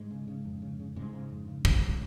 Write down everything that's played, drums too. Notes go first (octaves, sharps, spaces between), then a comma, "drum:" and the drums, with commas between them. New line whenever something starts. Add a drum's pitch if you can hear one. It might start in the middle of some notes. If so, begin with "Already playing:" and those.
Already playing: G#2 G#3
C#3
C#3
F2
C#3
C#3
G#2 C#3 G#3
C#3
F2
C#3
C#3, drum: kick